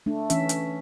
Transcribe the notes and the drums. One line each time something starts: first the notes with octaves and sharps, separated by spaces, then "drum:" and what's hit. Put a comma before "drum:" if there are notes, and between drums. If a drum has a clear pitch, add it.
A3 D4
E3 C#4 E5, drum: hi-hat
drum: hi-hat